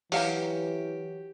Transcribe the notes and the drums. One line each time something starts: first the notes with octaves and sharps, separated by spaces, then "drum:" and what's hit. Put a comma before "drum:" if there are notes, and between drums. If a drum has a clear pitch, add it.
E3 F#3 G4 F5 A#5, drum: open hi-hat